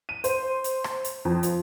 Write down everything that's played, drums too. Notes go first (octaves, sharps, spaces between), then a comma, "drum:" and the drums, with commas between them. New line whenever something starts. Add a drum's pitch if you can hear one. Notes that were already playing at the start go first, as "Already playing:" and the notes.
D#7
C5, drum: hi-hat
drum: hi-hat
drum: rim click
drum: hi-hat
F2
F3, drum: hi-hat